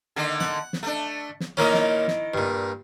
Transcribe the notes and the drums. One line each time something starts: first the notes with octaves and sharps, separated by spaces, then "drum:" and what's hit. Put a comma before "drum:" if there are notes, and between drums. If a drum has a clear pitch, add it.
D3 D#3 A#3
F#5, drum: snare
drum: snare
A3 D4
drum: snare
A#2 D#3 A#3 C#4 E4 D#5
drum: snare
drum: snare
G2 A#2